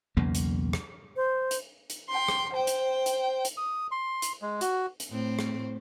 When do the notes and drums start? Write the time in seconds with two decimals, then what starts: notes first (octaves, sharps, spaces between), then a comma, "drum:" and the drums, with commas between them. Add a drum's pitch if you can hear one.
0.17 B1 E2 C#3 A#3
0.35 drum: hi-hat
0.73 drum: rim click
1.16 C5
1.51 drum: hi-hat
1.90 drum: hi-hat
2.09 G5 C6
2.28 drum: rim click
2.53 C5 G5
2.67 drum: hi-hat
3.06 drum: hi-hat
3.45 drum: hi-hat
3.57 D#6
3.91 C6
4.22 drum: hi-hat
4.42 G#3
4.61 F#4, drum: hi-hat
5.00 drum: hi-hat
5.11 A2 C4 C5
5.39 drum: rim click